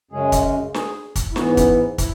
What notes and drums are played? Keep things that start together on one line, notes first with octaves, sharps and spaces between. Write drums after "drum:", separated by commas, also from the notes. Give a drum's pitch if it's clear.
F#2 C#3 G#3 C#4 G#4
drum: kick, hi-hat
G#4, drum: snare
drum: kick, hi-hat
E4
G#2 E3 B3 F#4, drum: snare
C#4
E4, drum: kick, hi-hat
E4, drum: kick, hi-hat